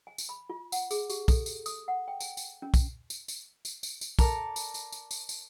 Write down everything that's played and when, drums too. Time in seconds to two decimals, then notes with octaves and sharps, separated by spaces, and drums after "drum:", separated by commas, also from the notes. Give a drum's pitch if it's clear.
0.07 G#5
0.18 drum: tambourine
0.29 B5
0.50 F4
0.72 F#5, drum: tambourine
0.91 G#4, drum: tambourine
1.10 G4, drum: tambourine
1.28 A4, drum: kick, tambourine
1.46 drum: tambourine
1.66 D#6, drum: tambourine
1.88 F#5
2.08 G5
2.20 G#5, drum: tambourine
2.37 drum: tambourine
2.62 C#4
2.74 drum: kick, tambourine
3.10 drum: tambourine
3.28 drum: tambourine
3.65 drum: tambourine
3.83 drum: tambourine
4.01 drum: tambourine
4.19 A4 A#4 D5, drum: kick, tambourine
4.56 drum: tambourine
4.74 drum: tambourine
4.92 drum: tambourine
5.11 drum: tambourine
5.29 drum: tambourine